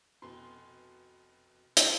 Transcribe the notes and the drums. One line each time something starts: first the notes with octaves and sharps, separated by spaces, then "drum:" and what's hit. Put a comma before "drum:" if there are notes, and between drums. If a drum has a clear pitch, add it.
F1 B2 C6
drum: hi-hat